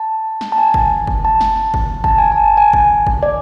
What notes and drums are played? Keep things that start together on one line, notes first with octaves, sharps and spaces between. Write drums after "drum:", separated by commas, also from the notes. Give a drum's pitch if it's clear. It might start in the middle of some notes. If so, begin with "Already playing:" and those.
Already playing: A5
drum: snare
A5
G#5
drum: kick
drum: kick
A5
drum: snare
drum: kick
A5, drum: kick
G#5
A5
G#5
drum: kick
drum: kick
D5